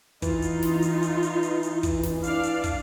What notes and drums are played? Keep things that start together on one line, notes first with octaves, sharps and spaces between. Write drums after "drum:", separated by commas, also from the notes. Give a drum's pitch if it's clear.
E3 D#4 F4, drum: kick, hi-hat
drum: hi-hat
drum: snare
drum: hi-hat
drum: hi-hat
drum: hi-hat
drum: hi-hat
drum: hi-hat
drum: kick, hi-hat
drum: snare
D4 D5 F5, drum: hi-hat
drum: hi-hat
drum: kick, hi-hat